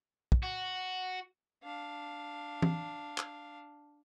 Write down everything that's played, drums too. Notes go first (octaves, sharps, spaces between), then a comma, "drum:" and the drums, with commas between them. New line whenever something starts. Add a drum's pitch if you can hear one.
drum: kick
F#4
D4 F5
drum: tom E3
drum: clap